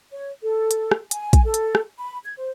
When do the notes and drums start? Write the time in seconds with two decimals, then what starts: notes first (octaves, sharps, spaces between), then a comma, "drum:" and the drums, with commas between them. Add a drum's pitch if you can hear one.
0.12 C#5
0.42 A4
0.71 drum: hi-hat
0.91 drum: rim click
1.11 G#5, drum: hi-hat
1.33 drum: kick, hi-hat
1.44 A4
1.54 drum: hi-hat
1.75 drum: rim click
1.99 B5
2.25 G#6
2.37 C5